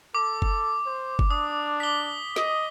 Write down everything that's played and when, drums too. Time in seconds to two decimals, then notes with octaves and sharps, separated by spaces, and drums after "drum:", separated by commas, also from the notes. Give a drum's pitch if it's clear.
0.15 A4 D6
0.42 drum: kick F#1
0.86 C5
1.19 drum: kick F#1
1.31 D4 D#6
1.80 B6 G7
2.36 D#5, drum: snare